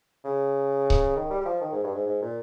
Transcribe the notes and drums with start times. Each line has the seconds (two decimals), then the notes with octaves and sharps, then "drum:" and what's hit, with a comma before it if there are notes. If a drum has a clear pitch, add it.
0.24 C#3
0.90 drum: kick C#1
1.16 D#3
1.30 G3
1.41 G3
1.45 F3
1.61 D#3
1.72 G#2
1.84 G2
1.95 G#2
2.06 G#2
2.22 A#2